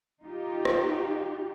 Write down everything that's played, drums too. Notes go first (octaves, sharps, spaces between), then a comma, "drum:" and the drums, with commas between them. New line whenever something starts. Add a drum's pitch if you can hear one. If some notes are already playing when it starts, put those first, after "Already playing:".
D#4 F4 G4
drum: rim click